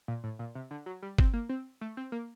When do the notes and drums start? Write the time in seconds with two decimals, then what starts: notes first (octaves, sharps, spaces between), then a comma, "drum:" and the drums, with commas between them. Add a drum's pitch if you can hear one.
0.08 A#2
0.24 A2
0.39 A#2
0.55 C3
0.71 D3
0.86 F#3
1.02 G3
1.19 C4, drum: kick
1.33 A#3
1.49 C4
1.81 A3
1.97 C4
2.12 A#3